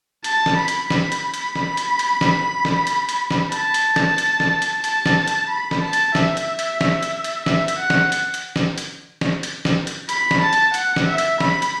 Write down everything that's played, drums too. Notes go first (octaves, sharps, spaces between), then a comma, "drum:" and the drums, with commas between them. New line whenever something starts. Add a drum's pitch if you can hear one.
A5, drum: hi-hat
drum: snare
B5
drum: hi-hat
B5, drum: snare
drum: hi-hat
drum: hi-hat
drum: snare
drum: hi-hat
drum: hi-hat
drum: snare
drum: snare
drum: hi-hat
drum: hi-hat
drum: snare
A5, drum: hi-hat
drum: hi-hat
drum: snare
drum: hi-hat
drum: snare
drum: hi-hat
A5, drum: hi-hat
drum: snare
drum: hi-hat
B5
drum: snare
A5
drum: hi-hat
E5, drum: snare
drum: hi-hat
drum: hi-hat
drum: snare
drum: hi-hat
drum: hi-hat
E5, drum: snare
drum: hi-hat
F#5
drum: snare
drum: hi-hat
drum: hi-hat
drum: snare
drum: hi-hat
drum: snare
drum: hi-hat
drum: snare
drum: hi-hat
B5, drum: hi-hat
drum: snare
A5
drum: hi-hat
F#5, drum: hi-hat
drum: snare
E5
drum: hi-hat
B5, drum: snare
drum: hi-hat